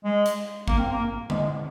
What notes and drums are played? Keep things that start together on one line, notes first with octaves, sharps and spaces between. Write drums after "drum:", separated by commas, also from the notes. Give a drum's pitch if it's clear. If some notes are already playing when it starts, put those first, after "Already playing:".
G#3
drum: hi-hat
A#3, drum: kick
C4
A#3
G#3, drum: tom D3